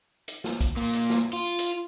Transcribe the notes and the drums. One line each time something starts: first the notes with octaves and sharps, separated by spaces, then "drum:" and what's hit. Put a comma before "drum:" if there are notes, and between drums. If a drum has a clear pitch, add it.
drum: hi-hat
drum: snare
drum: kick, hi-hat
A#2 A#3
drum: hi-hat
drum: snare
F4
drum: hi-hat